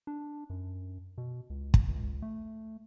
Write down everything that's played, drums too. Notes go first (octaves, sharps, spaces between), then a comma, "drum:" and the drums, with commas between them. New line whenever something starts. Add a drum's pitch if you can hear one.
D4
F#2
B2
C#2
drum: kick
C#2
A3